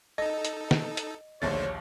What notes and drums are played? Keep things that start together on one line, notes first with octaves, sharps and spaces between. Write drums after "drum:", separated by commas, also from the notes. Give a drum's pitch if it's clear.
D#4 A4 D#5 A#6
drum: hi-hat
drum: snare
drum: hi-hat
A#1 D#2 D3 A3 C5 C#5 A6